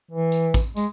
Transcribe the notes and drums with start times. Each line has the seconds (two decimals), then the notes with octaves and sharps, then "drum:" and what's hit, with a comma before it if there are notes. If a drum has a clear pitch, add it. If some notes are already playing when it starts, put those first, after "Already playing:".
0.11 E3
0.32 drum: tambourine
0.54 drum: kick A1, tambourine
0.77 G#3, drum: tambourine